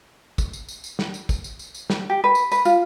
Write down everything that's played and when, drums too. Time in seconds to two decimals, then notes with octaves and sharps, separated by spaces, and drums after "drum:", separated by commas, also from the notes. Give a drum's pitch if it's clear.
0.38 drum: kick, tambourine
0.53 drum: tambourine
0.69 drum: tambourine
0.84 drum: tambourine
0.99 drum: snare
1.14 drum: tambourine
1.29 drum: kick, tambourine
1.44 drum: tambourine
1.59 drum: tambourine
1.75 drum: tambourine
1.90 drum: snare
2.10 G4
2.24 B4
2.35 drum: tambourine
2.52 B4, drum: tambourine
2.65 F4, drum: tambourine